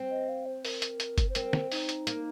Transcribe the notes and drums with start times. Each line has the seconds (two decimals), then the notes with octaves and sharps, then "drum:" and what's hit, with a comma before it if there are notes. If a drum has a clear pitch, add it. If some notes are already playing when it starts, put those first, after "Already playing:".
Already playing: C4
0.10 D#5
0.29 F5
0.46 C5
0.65 A#4, drum: open hi-hat
0.82 drum: hi-hat
1.00 drum: hi-hat
1.18 drum: kick F#1, hi-hat
1.29 C5
1.35 C4 A#4, drum: hi-hat
1.53 drum: snare
1.72 D#4, drum: open hi-hat
1.89 drum: hi-hat
2.07 A#3, drum: hi-hat